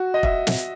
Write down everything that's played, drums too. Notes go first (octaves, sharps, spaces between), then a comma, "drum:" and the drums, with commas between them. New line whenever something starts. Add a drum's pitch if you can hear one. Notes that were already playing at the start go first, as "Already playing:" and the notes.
Already playing: F#4
D#5
E5, drum: kick
drum: snare